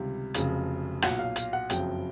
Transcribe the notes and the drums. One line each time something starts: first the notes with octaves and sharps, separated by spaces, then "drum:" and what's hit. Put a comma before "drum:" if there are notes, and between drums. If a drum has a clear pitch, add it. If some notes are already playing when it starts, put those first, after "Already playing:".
Already playing: C#2 C3 D#3 G3
F1 F2 C#3 F#3, drum: hi-hat
B1 A#2 F#3 F#5, drum: rim click
F5
F5, drum: hi-hat
F#5
F#1 F2 C#3 F#3 G5, drum: hi-hat